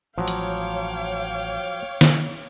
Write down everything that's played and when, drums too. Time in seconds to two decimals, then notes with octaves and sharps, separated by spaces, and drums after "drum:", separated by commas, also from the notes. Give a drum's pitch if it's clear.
0.18 A1 F3 F#3 C#5 F5 G5 D6
0.28 drum: hi-hat
2.01 drum: snare